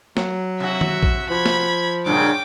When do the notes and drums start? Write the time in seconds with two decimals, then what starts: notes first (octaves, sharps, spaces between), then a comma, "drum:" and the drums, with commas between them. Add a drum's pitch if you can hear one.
0.17 F#3, drum: snare
0.60 C3 F#4 E5
0.81 drum: tom
1.03 drum: kick A#1
1.30 F3 B5 G#6
1.46 drum: snare
2.06 G2 A#2 C#3 G5 D6